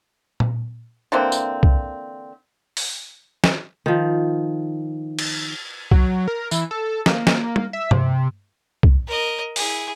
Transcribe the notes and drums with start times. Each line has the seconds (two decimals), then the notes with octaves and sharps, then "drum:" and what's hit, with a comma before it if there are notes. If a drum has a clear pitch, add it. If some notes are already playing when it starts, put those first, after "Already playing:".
0.40 drum: tom A#2
1.12 D3 E3 A#3 C4
1.32 drum: tambourine
1.63 drum: kick
2.77 drum: open hi-hat
3.44 drum: snare
3.86 D#3 F3
5.19 drum: cymbal
5.91 F#3, drum: kick
6.28 A#4
6.51 E3, drum: tambourine
6.71 A4
7.06 A#3, drum: snare
7.27 drum: snare
7.56 drum: tom
7.73 E5
7.91 C3, drum: tom G2
8.83 drum: kick
9.07 A#4 D#5
9.56 E4 G#4, drum: open hi-hat